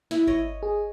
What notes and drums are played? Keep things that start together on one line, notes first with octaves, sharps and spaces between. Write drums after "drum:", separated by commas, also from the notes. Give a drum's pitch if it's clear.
E4, drum: snare
C#5 D#5, drum: kick G#1
G#4